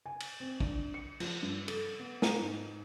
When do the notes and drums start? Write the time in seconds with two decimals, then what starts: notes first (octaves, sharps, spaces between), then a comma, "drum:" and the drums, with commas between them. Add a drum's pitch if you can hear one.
0.06 G#5
0.20 drum: cymbal
0.40 C4
0.60 D4, drum: kick
0.94 C#7
1.20 F3, drum: cymbal
1.42 G2
1.68 A4, drum: cymbal
1.99 B3
2.22 A#5, drum: snare
2.39 G#2